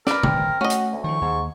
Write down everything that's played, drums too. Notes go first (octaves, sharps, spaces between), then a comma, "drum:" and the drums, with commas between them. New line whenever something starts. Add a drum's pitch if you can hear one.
A#4 B4 D5, drum: snare
D#1 G#1 D3 C4, drum: tom
A3 C#4 F#4 D#5
drum: hi-hat
D2
D#3 F3 C#6
D#2 G#2